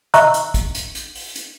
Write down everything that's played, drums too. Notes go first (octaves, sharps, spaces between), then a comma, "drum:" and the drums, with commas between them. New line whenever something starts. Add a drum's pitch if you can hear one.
D#5 E5 A#5 C#6 E6 F#6, drum: hi-hat
drum: hi-hat
drum: kick, hi-hat
drum: hi-hat
drum: hi-hat
drum: open hi-hat
drum: hi-hat